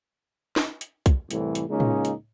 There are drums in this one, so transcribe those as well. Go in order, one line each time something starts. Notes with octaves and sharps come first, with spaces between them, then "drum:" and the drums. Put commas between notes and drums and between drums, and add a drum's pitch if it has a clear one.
drum: snare
drum: hi-hat
drum: kick, hi-hat
C2 A2 E3, drum: hi-hat
drum: hi-hat
C#2 C#3 G#3 A#3 C#4 D#4
drum: tom A2
drum: hi-hat